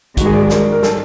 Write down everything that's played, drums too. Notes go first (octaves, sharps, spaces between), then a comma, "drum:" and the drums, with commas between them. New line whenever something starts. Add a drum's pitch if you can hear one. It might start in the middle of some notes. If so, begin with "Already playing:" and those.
G#2 D#3 G#3 F#4, drum: kick, hi-hat
G#4
D5
G#4
A#4, drum: snare
A#4
A4, drum: snare